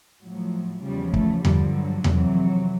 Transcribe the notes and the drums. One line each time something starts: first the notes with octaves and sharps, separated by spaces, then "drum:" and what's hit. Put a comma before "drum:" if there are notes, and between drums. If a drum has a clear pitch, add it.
A2 F3 F#3
E2 C#3 F3 G3
A3, drum: kick
G2 D3 F3 G3, drum: tom E2
F#3
F2 C3 E3, drum: tom E2